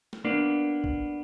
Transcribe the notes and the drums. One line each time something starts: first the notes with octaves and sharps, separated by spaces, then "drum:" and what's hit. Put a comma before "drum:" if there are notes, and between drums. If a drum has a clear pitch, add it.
drum: snare
A#3 B3 D4
drum: kick A#1